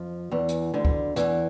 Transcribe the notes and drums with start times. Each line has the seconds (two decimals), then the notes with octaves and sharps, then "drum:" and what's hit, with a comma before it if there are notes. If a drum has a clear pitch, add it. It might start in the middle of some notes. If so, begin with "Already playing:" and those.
Already playing: F2 F3
0.31 E2 E3
0.48 drum: hi-hat
0.74 D2 D3
0.85 drum: kick C#2
1.16 E2 E3, drum: hi-hat